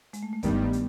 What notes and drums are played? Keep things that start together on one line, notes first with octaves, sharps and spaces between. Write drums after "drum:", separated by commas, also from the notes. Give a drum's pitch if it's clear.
G#3, drum: hi-hat
A3
A3
G2 D#3 G3 B3, drum: kick, hi-hat
B3
drum: hi-hat